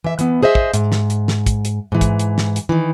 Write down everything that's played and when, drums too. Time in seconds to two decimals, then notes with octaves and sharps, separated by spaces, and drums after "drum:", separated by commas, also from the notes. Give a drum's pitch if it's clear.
0.04 E3 E5
0.19 E3 B3, drum: hi-hat
0.43 G#4 C5 D#5 E5
0.55 drum: kick
0.74 G#2, drum: hi-hat
0.92 drum: snare
1.10 drum: hi-hat
1.28 drum: snare
1.46 drum: kick, hi-hat
1.65 drum: hi-hat
1.92 G#2 E3
2.01 drum: kick, hi-hat
2.19 drum: hi-hat
2.38 drum: snare
2.56 drum: hi-hat
2.69 D#3 E3